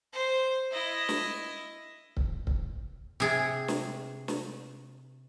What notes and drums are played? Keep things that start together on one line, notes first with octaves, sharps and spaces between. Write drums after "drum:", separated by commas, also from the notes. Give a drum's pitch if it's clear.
C5
E4 D#5
drum: snare
drum: kick C#1
drum: kick C#1
C3 G#4
drum: snare
drum: snare